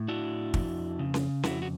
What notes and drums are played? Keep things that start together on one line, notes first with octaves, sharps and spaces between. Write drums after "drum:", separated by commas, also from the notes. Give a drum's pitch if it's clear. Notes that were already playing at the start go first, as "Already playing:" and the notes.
Already playing: A2
D4 E4 F#4
F2, drum: kick
C#3
drum: snare C#4
F2 E4 F#4, drum: snare C#4
F#4